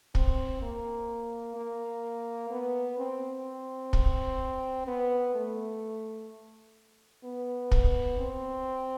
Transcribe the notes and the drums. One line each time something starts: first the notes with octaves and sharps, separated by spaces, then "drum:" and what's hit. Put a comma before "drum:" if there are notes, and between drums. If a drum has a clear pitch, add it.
C4, drum: kick
A#3
A#3
B3
C4
drum: kick
B3
A3
B3
drum: kick
C4